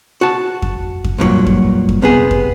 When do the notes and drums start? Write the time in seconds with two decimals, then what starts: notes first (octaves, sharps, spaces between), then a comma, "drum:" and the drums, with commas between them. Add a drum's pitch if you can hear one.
0.21 F#4 A5
0.62 drum: kick F2
1.04 drum: kick F2
1.18 G2 A#2 E3 F#3
1.47 drum: kick F2
1.89 drum: kick F2
2.02 C3 B3 G#4
2.31 drum: kick F2